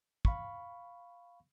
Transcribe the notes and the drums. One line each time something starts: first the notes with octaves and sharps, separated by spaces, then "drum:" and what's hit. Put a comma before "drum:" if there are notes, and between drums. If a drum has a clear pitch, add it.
F5 B5 C#6, drum: kick